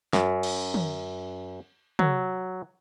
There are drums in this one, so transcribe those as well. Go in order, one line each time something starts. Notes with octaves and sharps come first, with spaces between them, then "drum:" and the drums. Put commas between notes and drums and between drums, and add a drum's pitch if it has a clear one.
F#2, drum: snare
drum: cymbal
drum: tom
F#3, drum: tom